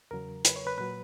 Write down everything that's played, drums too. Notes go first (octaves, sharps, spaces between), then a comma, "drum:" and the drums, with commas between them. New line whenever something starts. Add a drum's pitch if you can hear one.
E2 C#3 F#3 A#4
B4, drum: hi-hat
C#5
B4
A#2 F#3 B4